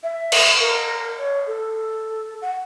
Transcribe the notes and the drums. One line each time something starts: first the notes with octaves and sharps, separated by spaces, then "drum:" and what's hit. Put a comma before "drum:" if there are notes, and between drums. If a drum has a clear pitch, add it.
E5
drum: cymbal
A#4
C#5
A4
F#5